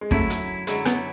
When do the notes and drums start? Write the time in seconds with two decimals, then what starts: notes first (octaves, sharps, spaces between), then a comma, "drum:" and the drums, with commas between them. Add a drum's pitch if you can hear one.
0.01 G#3
0.11 F#2 D3 F#3 A3 C#4 E4, drum: kick
0.30 drum: hi-hat
0.67 F#2 D3 F#3 G#3 C#4 E4, drum: hi-hat
0.85 B3, drum: rim click